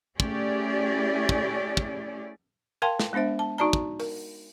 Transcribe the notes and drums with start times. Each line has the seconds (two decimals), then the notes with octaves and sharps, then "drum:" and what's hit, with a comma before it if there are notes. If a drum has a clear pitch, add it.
0.20 A3 C#4 E4 G4 G#4 D5, drum: kick
1.29 drum: kick
1.77 drum: kick
2.82 A#4 F5 G5 A5 C6
3.00 drum: snare
3.13 G#3 B3 D4 C5 E5
3.39 A5
3.58 D#4 F#4 D5 A5 A#5
3.73 drum: kick
4.00 A#4, drum: open hi-hat